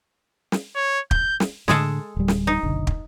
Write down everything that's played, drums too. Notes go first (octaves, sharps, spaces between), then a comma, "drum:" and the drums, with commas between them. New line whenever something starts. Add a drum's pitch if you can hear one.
drum: snare
C#5
G6, drum: kick
drum: snare
A2 D3 G#3 G#4 A4, drum: snare
D1 G3
drum: snare
D#4
F#1 B1 D3
drum: kick